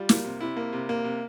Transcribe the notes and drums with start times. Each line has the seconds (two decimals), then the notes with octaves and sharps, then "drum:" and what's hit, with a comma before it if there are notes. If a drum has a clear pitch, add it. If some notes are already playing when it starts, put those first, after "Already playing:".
Already playing: G3 F4
0.09 A#3, drum: snare
0.25 C3
0.41 C3 E4
0.56 A#3
0.73 C3
0.89 A#3
1.04 C3